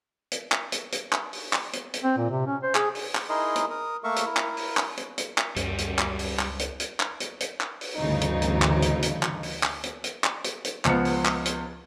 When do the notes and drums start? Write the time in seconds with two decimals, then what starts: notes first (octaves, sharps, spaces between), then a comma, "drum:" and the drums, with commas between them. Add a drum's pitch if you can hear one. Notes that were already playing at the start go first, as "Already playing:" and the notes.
0.32 drum: hi-hat
0.52 drum: clap
0.72 drum: hi-hat
0.92 drum: hi-hat
1.13 drum: clap
1.33 drum: open hi-hat
1.53 drum: clap
1.73 drum: hi-hat
1.94 drum: hi-hat
2.04 C4
2.17 A#2
2.30 C3
2.46 C#4
2.63 C5
2.75 G#4, drum: clap
2.95 drum: open hi-hat
3.15 drum: clap
3.29 D#4 E4 G#4 A#4 D#5 C6
3.56 drum: hi-hat
3.70 A#4 D#6
4.04 A3 A#3 A#4 E5 F5 C#6
4.16 drum: hi-hat
4.25 E4 A#4
4.37 drum: clap
4.57 drum: open hi-hat
4.77 drum: clap
4.97 drum: hi-hat
5.18 drum: hi-hat
5.38 drum: clap
5.56 C#2 F#2 G3 C#4, drum: hi-hat
5.78 drum: hi-hat
5.99 drum: clap
6.19 drum: open hi-hat
6.39 drum: clap
6.59 drum: hi-hat
6.80 drum: hi-hat
7.00 drum: clap
7.20 drum: hi-hat
7.40 drum: hi-hat
7.61 drum: clap
7.81 drum: open hi-hat
7.95 D2 G2 C#3 E3 D#4
8.21 drum: hi-hat
8.42 drum: hi-hat
8.62 drum: clap
8.82 drum: hi-hat
9.02 drum: hi-hat
9.23 drum: clap
9.43 drum: open hi-hat
9.63 drum: clap
9.84 drum: hi-hat
10.04 drum: hi-hat
10.24 drum: clap
10.44 drum: hi-hat
10.65 drum: hi-hat
10.85 C#2 F3 B3 C#7, drum: clap
11.05 drum: open hi-hat
11.25 drum: clap
11.46 drum: hi-hat